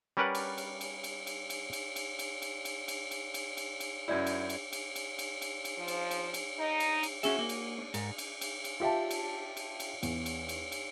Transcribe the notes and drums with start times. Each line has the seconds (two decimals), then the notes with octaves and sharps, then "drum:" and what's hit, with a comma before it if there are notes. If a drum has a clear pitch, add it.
0.17 G3 C#4 A#4 B4 D5 F#5
0.35 drum: cymbal
0.58 drum: cymbal
0.81 drum: cymbal
1.04 drum: cymbal
1.27 drum: cymbal
1.50 drum: cymbal
1.73 drum: cymbal
1.96 drum: cymbal
2.19 drum: cymbal
2.42 drum: cymbal
2.65 drum: cymbal
2.88 drum: cymbal
3.11 drum: cymbal
3.34 drum: cymbal
3.57 drum: cymbal
3.80 drum: cymbal
4.08 F#2 E4 D5 G6 G#6
4.27 drum: cymbal
4.50 drum: cymbal
4.73 drum: cymbal
4.96 drum: cymbal
5.19 drum: cymbal
5.42 drum: cymbal
5.65 drum: cymbal
5.78 F3
5.88 drum: cymbal
6.11 drum: cymbal
6.34 drum: cymbal
6.59 D#4
6.80 drum: cymbal
7.03 drum: cymbal
7.23 C#4 F#4 G#4 E5, drum: cymbal
7.39 A#3
7.49 drum: cymbal
7.78 C#4 D4
7.94 G#2 A#4, drum: cymbal
8.18 drum: cymbal
8.41 drum: cymbal
8.64 drum: cymbal
8.80 F4 G4 E5 A5
9.11 drum: cymbal
9.57 drum: cymbal
9.80 drum: cymbal
10.03 E2, drum: cymbal
10.26 drum: cymbal
10.49 drum: cymbal
10.72 drum: cymbal